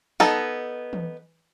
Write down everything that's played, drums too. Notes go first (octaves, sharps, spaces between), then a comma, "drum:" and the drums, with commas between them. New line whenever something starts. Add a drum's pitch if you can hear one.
B3 D#4 A4, drum: snare
drum: tom E3